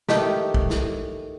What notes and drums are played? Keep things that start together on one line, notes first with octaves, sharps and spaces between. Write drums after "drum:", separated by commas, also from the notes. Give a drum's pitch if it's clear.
D#3 A3 G4, drum: snare
drum: kick
drum: snare